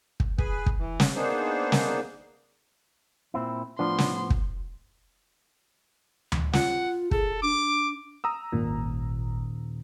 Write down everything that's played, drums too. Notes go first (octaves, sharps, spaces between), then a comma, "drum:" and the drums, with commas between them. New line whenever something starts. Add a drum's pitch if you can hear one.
drum: kick
G#4 B4 G#5 B5, drum: kick
drum: kick
E3
drum: snare
A#3 B3 D4 D#4 G#4 C5
drum: snare
A#2 C4 E4
A2 F3 B3 D4 F4 C6
drum: snare
drum: kick
drum: tom D2
F4 F#5, drum: snare
G#4 A4, drum: kick
D4 D6
A#5 D#6 E6
D#1 G#1 A#2